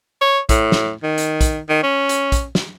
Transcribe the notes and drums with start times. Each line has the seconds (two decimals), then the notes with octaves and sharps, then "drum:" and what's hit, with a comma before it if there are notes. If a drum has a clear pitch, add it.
0.21 C#5
0.49 A2, drum: kick, hi-hat
0.72 drum: snare
1.03 D#3
1.18 drum: hi-hat
1.41 drum: kick, hi-hat
1.69 D#3
1.83 C#4
2.09 drum: hi-hat
2.32 drum: kick, hi-hat
2.55 drum: snare